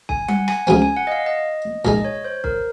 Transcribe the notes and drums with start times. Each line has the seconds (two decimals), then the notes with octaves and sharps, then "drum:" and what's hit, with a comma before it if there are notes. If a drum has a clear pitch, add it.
0.09 G#5, drum: kick C2
0.28 F#5, drum: tom G3
0.48 G#5, drum: rim click
0.67 C#2 C#3 F#3 C4 G#5
0.82 G#5
0.97 F#5
1.07 D#5
1.12 F5
1.26 D#5
1.85 A#2 G#3 D#4 D#5, drum: kick C2
2.05 C#5
2.25 C5
2.44 A#4, drum: kick C2